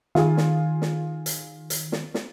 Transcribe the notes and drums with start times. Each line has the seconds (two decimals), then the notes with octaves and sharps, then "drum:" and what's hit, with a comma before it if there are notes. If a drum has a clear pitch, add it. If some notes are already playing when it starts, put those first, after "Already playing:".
0.15 D#3 F4 G#4, drum: snare
0.37 drum: snare
0.82 drum: snare
1.26 drum: hi-hat
1.70 drum: hi-hat
1.92 drum: snare
2.14 drum: snare